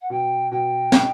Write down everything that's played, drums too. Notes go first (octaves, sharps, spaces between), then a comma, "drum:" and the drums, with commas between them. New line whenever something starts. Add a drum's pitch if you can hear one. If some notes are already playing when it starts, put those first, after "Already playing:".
F#5
B2 G5
B2 G5
D#4, drum: snare